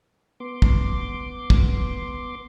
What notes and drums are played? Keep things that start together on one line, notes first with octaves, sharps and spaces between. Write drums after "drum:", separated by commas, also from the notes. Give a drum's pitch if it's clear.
B3 C6 D6
drum: kick
drum: kick